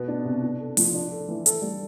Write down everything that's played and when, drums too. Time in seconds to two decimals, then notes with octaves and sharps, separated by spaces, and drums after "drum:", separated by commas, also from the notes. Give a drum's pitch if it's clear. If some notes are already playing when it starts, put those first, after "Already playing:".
Already playing: B2 B3
0.08 D4
0.25 C3
0.43 D4
0.60 A4
0.77 F3, drum: open hi-hat
0.94 D4
1.12 A4
1.29 E3
1.46 A4, drum: hi-hat
1.62 G3